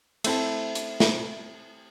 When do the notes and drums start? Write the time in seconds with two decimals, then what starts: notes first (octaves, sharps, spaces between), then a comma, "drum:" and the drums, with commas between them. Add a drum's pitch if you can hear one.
0.24 A3 C4 E4 A4, drum: cymbal
0.75 drum: hi-hat
1.00 drum: snare